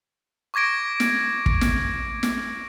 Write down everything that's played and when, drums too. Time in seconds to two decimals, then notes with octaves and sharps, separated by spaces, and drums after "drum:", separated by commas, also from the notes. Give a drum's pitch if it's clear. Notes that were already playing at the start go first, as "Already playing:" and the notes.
0.54 C#6 D6 G#6 A#6 D7
1.00 drum: snare
1.46 drum: kick
1.61 drum: snare
2.23 drum: snare